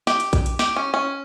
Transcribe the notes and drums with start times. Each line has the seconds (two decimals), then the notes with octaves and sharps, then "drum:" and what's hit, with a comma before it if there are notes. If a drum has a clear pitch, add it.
0.07 G4, drum: snare
0.20 drum: hi-hat
0.33 drum: kick, hi-hat
0.46 drum: hi-hat
0.59 G4, drum: snare
0.76 C#4
0.94 C#4